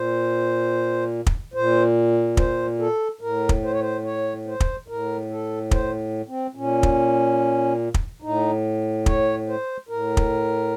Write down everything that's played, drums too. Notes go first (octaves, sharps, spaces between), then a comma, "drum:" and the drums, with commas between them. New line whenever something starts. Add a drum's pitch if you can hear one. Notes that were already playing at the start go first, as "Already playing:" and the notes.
Already playing: A#2 C5
drum: kick
A#2 C5
C5, drum: kick
A4
A2 A#4
drum: kick
C5
C#5
C5
C#5
C5
drum: kick
A2 A#4
A4
C5, drum: kick
C4
A#2 C#4
drum: kick
drum: kick
A2 D#4
C#5, drum: kick
C5
A2 A#4
drum: kick